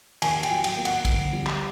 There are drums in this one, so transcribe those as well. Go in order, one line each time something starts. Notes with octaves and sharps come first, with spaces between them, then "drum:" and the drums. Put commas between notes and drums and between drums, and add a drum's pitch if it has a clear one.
D#2 G#5, drum: cymbal
G5, drum: cymbal
F#3
G5, drum: cymbal
A#3
F#5, drum: cymbal
D2, drum: kick, cymbal
G3
drum: clap